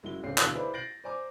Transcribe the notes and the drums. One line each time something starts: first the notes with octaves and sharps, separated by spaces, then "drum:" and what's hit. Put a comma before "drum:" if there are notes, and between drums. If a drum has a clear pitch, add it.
F#1 G#3 E4 F#4 G7
D1 C#3 C4 G#4 C7
D2 B2 E3 F5 E6 E7, drum: clap
E4 G#4 B4 C5 D5 B5
G6 A6 A#6 C7 D7 F#7
C5 D5 G#5 A#5 D6